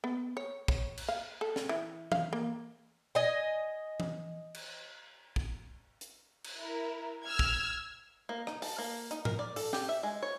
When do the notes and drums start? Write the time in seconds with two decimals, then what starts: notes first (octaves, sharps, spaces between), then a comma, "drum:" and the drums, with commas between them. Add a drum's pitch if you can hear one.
0.04 B3
0.37 C#5
0.68 C#5, drum: kick
0.98 drum: cymbal
1.08 F5
1.41 A4
1.56 drum: snare
1.69 E3
2.12 F5, drum: tom E3
2.33 A#3
3.15 D#5 G#5
4.00 drum: tom E3
4.54 drum: cymbal
5.36 drum: kick
6.01 drum: hi-hat
6.44 drum: cymbal
6.59 E4 A#4
7.26 E6 F6 G#6
7.39 drum: kick
8.29 A#3
8.47 D#4, drum: rim click
8.62 A5, drum: open hi-hat
8.78 A#3
9.11 D#4, drum: hi-hat
9.25 A#4, drum: tom G#2
9.39 D5
9.56 A4, drum: open hi-hat
9.73 G4, drum: snare
9.89 E5
10.03 G#3
10.23 C#5